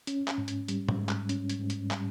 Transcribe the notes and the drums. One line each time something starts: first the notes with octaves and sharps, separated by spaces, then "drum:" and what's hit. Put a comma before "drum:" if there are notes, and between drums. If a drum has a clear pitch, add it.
C#4, drum: hi-hat
drum: clap
G#2
drum: hi-hat
G3, drum: hi-hat
drum: tom
G#2
drum: clap
C#4, drum: hi-hat
drum: hi-hat
G#2
drum: hi-hat
G3, drum: clap